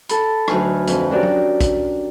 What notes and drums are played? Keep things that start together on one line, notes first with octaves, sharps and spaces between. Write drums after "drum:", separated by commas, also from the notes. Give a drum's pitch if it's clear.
A4 B5, drum: hi-hat
D2 F#3 D#4 B4 G#5 F6, drum: rim click
F2 C4 B4, drum: hi-hat
C#4 D4 F#4 G4 A#4 D5
drum: tom F#3
drum: kick A#1, hi-hat